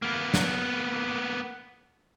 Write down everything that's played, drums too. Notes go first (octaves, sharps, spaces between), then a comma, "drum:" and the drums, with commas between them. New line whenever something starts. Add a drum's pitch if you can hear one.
A#3 B3
drum: snare